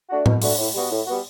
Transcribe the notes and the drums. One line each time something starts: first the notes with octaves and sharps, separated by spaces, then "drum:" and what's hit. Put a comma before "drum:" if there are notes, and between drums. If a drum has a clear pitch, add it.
A3 D4 F#4
B2, drum: tom A2
A3 D4 F#4, drum: open hi-hat
A2
G3 B3 F#4
A2
G3 B3 F#4